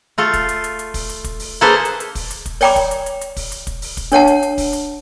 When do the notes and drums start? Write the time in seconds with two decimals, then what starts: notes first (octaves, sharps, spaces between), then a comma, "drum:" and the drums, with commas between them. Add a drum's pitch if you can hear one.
0.18 A3 F4 A4
0.34 drum: kick, hi-hat
0.49 drum: hi-hat
0.64 drum: hi-hat
0.79 drum: hi-hat
0.94 drum: kick, open hi-hat
1.09 drum: hi-hat
1.24 drum: kick, hi-hat
1.40 drum: open hi-hat
1.61 A#3 G#4 A4 B4 C5 A5
1.85 drum: hi-hat
2.00 drum: hi-hat
2.15 drum: kick, open hi-hat
2.30 drum: hi-hat
2.46 drum: kick, hi-hat
2.61 C#5 D5 G5 A#5 B5 D6, drum: open hi-hat
2.76 drum: kick, hi-hat
2.91 drum: hi-hat
3.06 drum: hi-hat
3.21 drum: hi-hat
3.37 drum: kick, open hi-hat
3.52 drum: hi-hat
3.67 drum: kick, hi-hat
3.82 drum: open hi-hat
3.97 drum: kick, hi-hat
4.12 D4 C#5 F#5 A5, drum: hi-hat
4.27 drum: hi-hat
4.43 drum: hi-hat
4.58 drum: kick, open hi-hat
4.73 drum: hi-hat